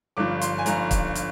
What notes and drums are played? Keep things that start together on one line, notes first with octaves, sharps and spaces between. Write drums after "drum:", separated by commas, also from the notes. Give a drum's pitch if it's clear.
G1 G2 F3 D6
C6, drum: hi-hat
G#5
G1 G2 F3 A#5, drum: hi-hat
drum: kick, hi-hat
drum: hi-hat